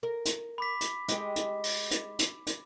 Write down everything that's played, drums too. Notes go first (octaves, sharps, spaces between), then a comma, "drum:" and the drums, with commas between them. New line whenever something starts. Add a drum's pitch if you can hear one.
A#4
drum: hi-hat
B5 D6 B6
drum: hi-hat
G#3 G4, drum: hi-hat
drum: hi-hat
drum: open hi-hat
drum: hi-hat
drum: hi-hat
drum: hi-hat